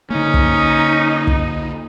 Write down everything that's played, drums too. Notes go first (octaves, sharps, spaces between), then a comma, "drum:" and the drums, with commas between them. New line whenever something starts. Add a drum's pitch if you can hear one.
D3 A#3 C#4 D#4
drum: kick
drum: kick